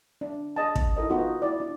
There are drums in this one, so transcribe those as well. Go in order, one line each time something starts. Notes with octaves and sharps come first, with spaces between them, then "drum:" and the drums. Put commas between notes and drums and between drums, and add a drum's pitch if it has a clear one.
D4
G#4 D#5 A5
drum: kick
D#4 E4 A4 A#4 D#5
B3 D#4 F4 F#4
E4 D5
D4